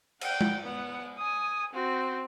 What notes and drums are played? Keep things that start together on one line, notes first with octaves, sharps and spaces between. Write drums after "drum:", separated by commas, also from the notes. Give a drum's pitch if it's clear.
F#5 G5, drum: cymbal
drum: tom G#3
B3 F#5
G#5 D#6
C4 F#4